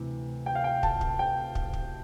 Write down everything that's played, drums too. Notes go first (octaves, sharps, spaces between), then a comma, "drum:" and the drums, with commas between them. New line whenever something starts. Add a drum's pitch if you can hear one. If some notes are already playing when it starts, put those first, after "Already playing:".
Already playing: D2 C3 E3
G5
F5
G5
A5, drum: kick
drum: kick
G5
drum: kick
drum: kick